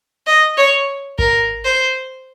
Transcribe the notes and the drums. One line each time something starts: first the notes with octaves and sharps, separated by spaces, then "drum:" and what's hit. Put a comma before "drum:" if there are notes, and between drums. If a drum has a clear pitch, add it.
D#5
C#5
A#4, drum: kick G#1
C5